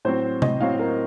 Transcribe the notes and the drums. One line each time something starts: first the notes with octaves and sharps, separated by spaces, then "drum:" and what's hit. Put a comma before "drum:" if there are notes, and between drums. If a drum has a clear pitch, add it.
A2 F#3 C4 C5
D#5, drum: tom C3
A2 F#3 C4 F5
A#4